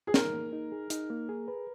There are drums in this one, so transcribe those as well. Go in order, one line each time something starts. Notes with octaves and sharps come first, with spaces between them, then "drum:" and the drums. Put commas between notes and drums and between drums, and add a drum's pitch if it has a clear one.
G#4
D#4 A#4, drum: snare
A#3
D#4
G#4
D#4, drum: hi-hat
A#3
G#4
B4